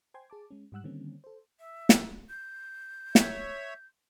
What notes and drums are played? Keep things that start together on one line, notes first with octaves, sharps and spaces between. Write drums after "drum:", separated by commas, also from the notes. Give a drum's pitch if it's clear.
C5 G5 G#5 C6 G#6
G#4 A5 D6
G#3 C#4
G#2 G3 F#5 E6 F#6
D3 D#3 G3 A#3 C4 C#4
A4 C5
E5
drum: snare
G6
C#5 E5, drum: snare